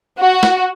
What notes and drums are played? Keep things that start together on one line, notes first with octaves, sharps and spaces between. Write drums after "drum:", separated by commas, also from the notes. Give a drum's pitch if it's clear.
F#4
drum: snare